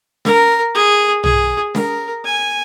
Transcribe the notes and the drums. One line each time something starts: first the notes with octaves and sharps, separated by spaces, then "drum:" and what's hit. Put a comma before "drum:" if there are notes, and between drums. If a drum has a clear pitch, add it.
A#4, drum: snare
G#4
G#4, drum: tom
A#4, drum: snare
G#5